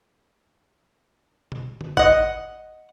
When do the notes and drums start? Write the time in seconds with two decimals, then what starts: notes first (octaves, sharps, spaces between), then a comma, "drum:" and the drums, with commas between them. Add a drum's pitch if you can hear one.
1.52 drum: tom B2
1.81 drum: tom D3
1.97 D#5 F#5, drum: kick G#1